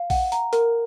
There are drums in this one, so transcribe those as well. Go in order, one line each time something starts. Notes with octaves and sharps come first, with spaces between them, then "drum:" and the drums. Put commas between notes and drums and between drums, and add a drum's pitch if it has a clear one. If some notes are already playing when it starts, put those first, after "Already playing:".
Already playing: F5
F#5, drum: kick A#1, open hi-hat
A#5, drum: hi-hat
A#4, drum: hi-hat